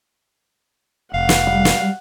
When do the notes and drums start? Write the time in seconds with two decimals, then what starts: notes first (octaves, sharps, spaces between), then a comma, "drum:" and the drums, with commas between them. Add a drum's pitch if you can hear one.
1.14 F1 F5 F#5
1.29 drum: snare
1.47 G3
1.65 drum: snare